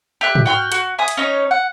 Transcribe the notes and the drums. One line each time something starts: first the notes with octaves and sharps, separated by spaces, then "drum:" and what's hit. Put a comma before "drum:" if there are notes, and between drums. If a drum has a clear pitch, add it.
G4 E5 F#6
drum: tom
F#4 G5 C6 F6
F#4, drum: hi-hat
E5 G#5 D#6
drum: hi-hat
C#4 D#4 C#5
F#5